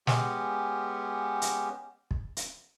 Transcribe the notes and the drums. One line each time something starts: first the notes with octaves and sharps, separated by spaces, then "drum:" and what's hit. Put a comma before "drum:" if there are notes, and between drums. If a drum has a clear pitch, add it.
G#3 B3 C#4 G4, drum: snare
drum: hi-hat
drum: kick
drum: hi-hat